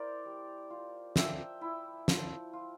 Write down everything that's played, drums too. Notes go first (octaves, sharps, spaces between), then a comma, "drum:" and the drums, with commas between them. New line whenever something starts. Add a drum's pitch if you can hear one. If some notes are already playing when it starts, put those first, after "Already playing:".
Already playing: E4 A#4 C5 D5
G3
F4
F3 E5 G5, drum: snare
E4
F3, drum: snare
F4